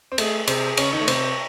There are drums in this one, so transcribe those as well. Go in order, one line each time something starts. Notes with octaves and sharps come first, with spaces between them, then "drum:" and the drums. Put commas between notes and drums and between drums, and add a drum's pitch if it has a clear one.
C4
A3 G#4, drum: cymbal
C3 C4 G#4, drum: cymbal
C#3 C#4 C#5, drum: cymbal
D#3 D#4
A3
C3 C4, drum: cymbal